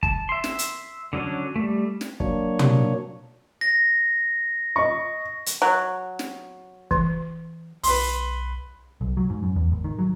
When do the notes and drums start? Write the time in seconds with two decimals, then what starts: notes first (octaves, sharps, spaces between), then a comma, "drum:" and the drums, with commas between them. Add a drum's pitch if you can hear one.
0.03 A5, drum: kick
0.29 E5 C6
0.44 drum: snare
0.59 drum: hi-hat
1.13 D3 F#3 C#4 D4
1.56 G3 A3
2.01 drum: snare
2.20 F#3 A#3 D4 C#5, drum: kick
2.59 drum: tom
3.61 A#6
4.76 D#5 C#6
5.46 drum: hi-hat
5.62 F#3
6.19 drum: snare
6.91 E3, drum: kick
7.83 B1 B4 C6, drum: open hi-hat
9.01 B1
9.17 F#3
9.30 G#2
9.43 F#2
9.56 E2
9.72 G#1
9.84 D#3
9.99 F#3